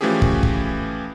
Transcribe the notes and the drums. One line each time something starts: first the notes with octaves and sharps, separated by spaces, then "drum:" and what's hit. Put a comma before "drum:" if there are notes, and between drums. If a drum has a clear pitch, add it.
E3 F3 A3 C#4 G4 G#4
drum: kick
drum: kick